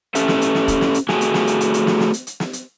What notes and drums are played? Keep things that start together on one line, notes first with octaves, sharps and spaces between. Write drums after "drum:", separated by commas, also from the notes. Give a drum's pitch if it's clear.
C#4 G4 A4 E5, drum: hi-hat
drum: snare
drum: hi-hat
drum: snare
drum: kick, hi-hat
drum: snare
drum: hi-hat
A3 F#4 G#4 G#5, drum: snare
drum: hi-hat
drum: snare
drum: hi-hat
drum: hi-hat
drum: hi-hat
drum: snare
drum: snare
drum: hi-hat
drum: hi-hat
drum: snare
drum: hi-hat